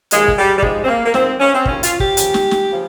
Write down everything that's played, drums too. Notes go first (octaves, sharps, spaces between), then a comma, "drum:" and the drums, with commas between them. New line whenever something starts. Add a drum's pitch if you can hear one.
D#2 C#3 F3 G#3, drum: hi-hat
drum: kick
G3
G3
G#2 F3 G#3, drum: kick
C4
A#3
A#3
G#2 F3 C4, drum: snare
C#4
C4
D#2 C#3 F3 C#4, drum: kick
F4, drum: hi-hat
G4, drum: kick
D#2 C#3 F3, drum: hi-hat
drum: snare
drum: snare
C#3 F3